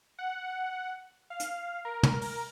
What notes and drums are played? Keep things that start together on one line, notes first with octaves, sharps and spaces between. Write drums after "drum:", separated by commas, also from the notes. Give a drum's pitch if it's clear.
F#5
F5
drum: hi-hat
A#4
drum: tom
drum: open hi-hat